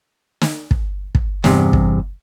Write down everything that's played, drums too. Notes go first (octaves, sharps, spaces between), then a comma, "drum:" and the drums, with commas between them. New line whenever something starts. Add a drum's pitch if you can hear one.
drum: snare
drum: kick
drum: kick
E2 G2 C3, drum: snare
drum: kick